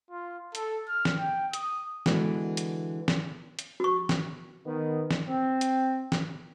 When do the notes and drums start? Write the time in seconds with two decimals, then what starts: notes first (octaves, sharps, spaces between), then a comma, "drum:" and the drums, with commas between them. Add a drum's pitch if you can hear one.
0.11 F4
0.55 A4, drum: hi-hat
0.89 F6
1.05 drum: snare
1.17 G5
1.53 D#6, drum: hi-hat
2.06 D3 E3 G#3 B3 F#4, drum: snare
2.57 drum: hi-hat
3.08 drum: snare
3.59 drum: hi-hat
3.80 F#4 C#6
4.09 drum: snare
4.66 D#3 B3
5.11 drum: snare
5.26 C4
5.61 drum: hi-hat
6.12 drum: snare